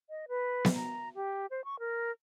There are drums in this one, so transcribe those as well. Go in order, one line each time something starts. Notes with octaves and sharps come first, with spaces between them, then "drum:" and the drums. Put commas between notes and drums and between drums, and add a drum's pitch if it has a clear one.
D#5
B4
drum: snare B3
A#5
G4
C5
C#6
A#4